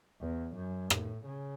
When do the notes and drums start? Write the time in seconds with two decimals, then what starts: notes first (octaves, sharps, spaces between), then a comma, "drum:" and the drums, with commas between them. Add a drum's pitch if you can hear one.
0.21 E2
0.56 F#2
0.90 A2, drum: rim click
1.26 C#3